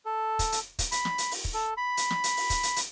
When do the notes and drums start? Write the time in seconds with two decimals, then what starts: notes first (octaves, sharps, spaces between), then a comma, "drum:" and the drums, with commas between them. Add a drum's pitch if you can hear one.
0.05 A4
0.39 drum: kick, hi-hat
0.52 drum: hi-hat
0.79 drum: kick, hi-hat
0.92 B5, drum: hi-hat
1.05 drum: snare
1.18 drum: hi-hat
1.31 drum: open hi-hat
1.45 drum: kick
1.54 A4
1.77 B5
1.97 drum: hi-hat
2.10 drum: snare
2.24 drum: hi-hat
2.37 drum: open hi-hat
2.50 drum: kick, hi-hat
2.63 drum: hi-hat
2.76 drum: hi-hat